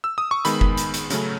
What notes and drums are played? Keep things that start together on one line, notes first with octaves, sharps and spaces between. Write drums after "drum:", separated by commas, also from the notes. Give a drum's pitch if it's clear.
E6
D#6
C#6
D#3 G#3 B3 B5, drum: hi-hat
drum: kick F#1
drum: hi-hat
drum: hi-hat
C#3 F#3 A3 C#4, drum: hi-hat